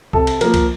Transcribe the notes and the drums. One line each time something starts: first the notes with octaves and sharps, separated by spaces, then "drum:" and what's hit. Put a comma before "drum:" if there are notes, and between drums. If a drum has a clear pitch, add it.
C3 A4, drum: kick
drum: cymbal
F3 A#3 A#4, drum: cymbal
drum: kick, cymbal